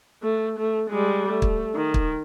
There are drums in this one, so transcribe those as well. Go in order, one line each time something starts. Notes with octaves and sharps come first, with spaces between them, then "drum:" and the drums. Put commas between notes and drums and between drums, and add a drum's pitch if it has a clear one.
A3
A3
G3 G#3
A3
drum: kick
D#3
drum: kick